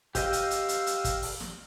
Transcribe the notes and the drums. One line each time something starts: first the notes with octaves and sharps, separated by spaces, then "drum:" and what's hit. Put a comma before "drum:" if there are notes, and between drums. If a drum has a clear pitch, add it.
G4 C5 D#5 F5 E6, drum: kick, hi-hat
drum: hi-hat
drum: hi-hat
drum: hi-hat
drum: hi-hat
drum: kick, hi-hat
drum: open hi-hat
drum: snare